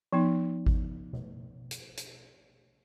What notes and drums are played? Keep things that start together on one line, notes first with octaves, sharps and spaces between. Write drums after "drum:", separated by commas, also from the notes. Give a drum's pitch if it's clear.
F3 B3 D#4
drum: kick G#1
drum: tom B2
drum: hi-hat
drum: hi-hat